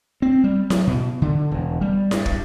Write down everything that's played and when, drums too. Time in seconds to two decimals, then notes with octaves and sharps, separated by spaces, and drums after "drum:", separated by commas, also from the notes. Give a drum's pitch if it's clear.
0.22 C4
0.44 G3
0.70 F#3, drum: snare E4
0.87 B2
1.22 D3
1.51 E1
1.81 G3
2.11 G2, drum: snare E4
2.26 drum: kick